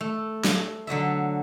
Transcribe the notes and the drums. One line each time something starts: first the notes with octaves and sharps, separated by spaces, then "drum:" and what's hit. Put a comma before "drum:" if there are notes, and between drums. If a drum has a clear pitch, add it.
A3
drum: snare
D3 F#3 D#5 E5